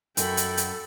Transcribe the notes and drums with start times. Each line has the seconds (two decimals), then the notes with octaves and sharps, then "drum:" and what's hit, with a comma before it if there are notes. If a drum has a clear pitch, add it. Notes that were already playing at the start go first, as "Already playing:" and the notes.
0.17 F#2 F#4 A4 G5 B5, drum: hi-hat
0.37 drum: hi-hat
0.57 drum: hi-hat